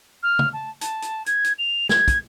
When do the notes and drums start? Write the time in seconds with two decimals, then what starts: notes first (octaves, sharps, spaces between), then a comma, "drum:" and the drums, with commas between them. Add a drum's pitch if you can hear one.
0.23 F6
0.39 drum: tom
0.53 A5
0.81 A5, drum: hi-hat
1.02 drum: hi-hat
1.26 G#6, drum: hi-hat
1.44 drum: hi-hat
1.58 F7
1.89 G#6, drum: snare
2.08 drum: kick, hi-hat